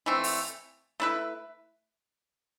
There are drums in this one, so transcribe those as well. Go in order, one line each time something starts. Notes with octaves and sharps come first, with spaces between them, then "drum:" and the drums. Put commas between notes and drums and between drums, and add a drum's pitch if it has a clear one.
E3 A3 C4
drum: open hi-hat
A3 E4 B4